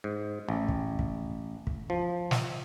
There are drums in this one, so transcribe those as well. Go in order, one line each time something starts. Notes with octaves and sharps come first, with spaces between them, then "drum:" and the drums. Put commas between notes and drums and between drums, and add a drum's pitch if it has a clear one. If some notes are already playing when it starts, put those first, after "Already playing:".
G#2
A1
drum: kick
drum: kick
drum: kick
F3
drum: snare